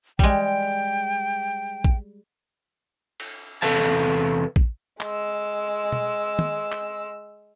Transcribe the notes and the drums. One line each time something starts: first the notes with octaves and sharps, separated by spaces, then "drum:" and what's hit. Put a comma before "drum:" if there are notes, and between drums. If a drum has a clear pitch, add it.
G3 G#3 G5, drum: kick
drum: kick
drum: cymbal
E2 C3 A4 B4 F5 A5
drum: kick
G#3 E6, drum: clap
drum: tom
drum: tom
drum: clap